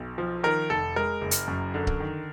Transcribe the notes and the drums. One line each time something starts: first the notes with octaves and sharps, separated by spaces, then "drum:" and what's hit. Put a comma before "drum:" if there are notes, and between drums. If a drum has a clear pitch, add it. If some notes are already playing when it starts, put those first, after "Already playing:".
Already playing: B1
F3
D#3 A#4
F1 A4
G#3 A#4
F#1
drum: hi-hat
F#2
D3
drum: kick C#1
D#3